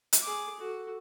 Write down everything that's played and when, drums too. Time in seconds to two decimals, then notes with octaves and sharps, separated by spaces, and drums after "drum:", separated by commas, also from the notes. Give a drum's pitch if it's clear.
0.13 drum: hi-hat
0.22 G#4 D6
0.59 F#4 A4